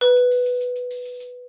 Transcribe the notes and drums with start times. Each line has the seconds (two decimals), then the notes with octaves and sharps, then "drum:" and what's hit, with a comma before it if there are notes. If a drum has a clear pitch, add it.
0.01 B4, drum: hi-hat
0.16 drum: hi-hat
0.31 drum: open hi-hat
0.46 drum: hi-hat
0.61 drum: hi-hat
0.76 drum: hi-hat
0.90 drum: open hi-hat
1.05 drum: hi-hat
1.20 drum: hi-hat